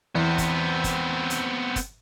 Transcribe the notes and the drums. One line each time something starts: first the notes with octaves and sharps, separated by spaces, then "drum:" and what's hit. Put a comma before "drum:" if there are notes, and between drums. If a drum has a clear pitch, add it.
E2 B3 C4
drum: kick, hi-hat
drum: kick, hi-hat
drum: hi-hat
drum: kick, hi-hat